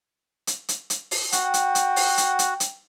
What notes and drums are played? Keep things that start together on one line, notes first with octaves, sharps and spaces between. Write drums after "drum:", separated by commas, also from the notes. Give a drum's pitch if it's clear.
drum: hi-hat
drum: hi-hat
drum: hi-hat
drum: open hi-hat
F#4 F#5 G5, drum: hi-hat
drum: hi-hat
drum: hi-hat
drum: open hi-hat
drum: hi-hat
drum: hi-hat
drum: hi-hat